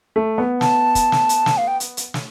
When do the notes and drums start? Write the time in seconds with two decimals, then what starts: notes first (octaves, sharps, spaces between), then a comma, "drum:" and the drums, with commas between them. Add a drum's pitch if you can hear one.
0.16 A3
0.38 B3
0.61 A5, drum: snare
0.95 drum: kick, hi-hat
1.12 drum: snare
1.29 drum: hi-hat
1.46 drum: snare
1.57 F5
1.68 G5
1.80 drum: hi-hat
1.97 drum: hi-hat
2.14 drum: snare